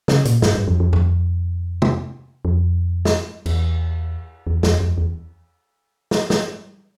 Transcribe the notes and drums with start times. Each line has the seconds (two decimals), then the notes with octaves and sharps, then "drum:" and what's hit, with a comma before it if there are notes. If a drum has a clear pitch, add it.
0.08 C#3, drum: snare
0.25 A#2, drum: hi-hat
0.42 G2, drum: snare
0.55 G2
0.67 F2
0.80 F2
0.93 F2, drum: tom F#2
1.82 drum: tom
2.45 F2
3.05 drum: snare
3.46 E2, drum: cymbal
4.47 E2
4.63 F2, drum: snare
4.80 F2
4.97 E2
6.11 drum: snare
6.30 drum: snare